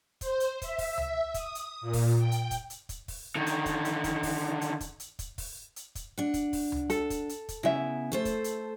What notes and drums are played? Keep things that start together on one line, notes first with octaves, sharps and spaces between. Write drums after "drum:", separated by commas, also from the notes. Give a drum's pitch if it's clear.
C5, drum: kick, hi-hat
drum: hi-hat
E5, drum: kick, hi-hat
drum: kick, open hi-hat
drum: tom C#2
D#6, drum: kick, hi-hat
drum: hi-hat
A#2
drum: kick, open hi-hat
G5
drum: hi-hat
drum: kick, hi-hat
drum: hi-hat
drum: kick, hi-hat
drum: kick, open hi-hat
D3 D#3
drum: hi-hat
drum: kick, hi-hat
drum: hi-hat
drum: kick, hi-hat
drum: kick, open hi-hat
drum: hi-hat
drum: kick, hi-hat
drum: hi-hat
drum: kick, hi-hat
drum: kick, open hi-hat
drum: hi-hat
drum: kick, hi-hat
D4 F#5
drum: kick, hi-hat
drum: kick, open hi-hat
drum: tom C#2
A4, drum: hi-hat
drum: kick, hi-hat
drum: hi-hat
drum: kick, hi-hat
C#3 B3 E4 E5
A3 A4 C5
drum: kick, hi-hat
drum: hi-hat